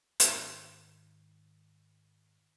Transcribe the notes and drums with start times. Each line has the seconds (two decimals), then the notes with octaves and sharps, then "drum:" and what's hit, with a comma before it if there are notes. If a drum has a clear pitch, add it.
0.20 G#2 D#3, drum: hi-hat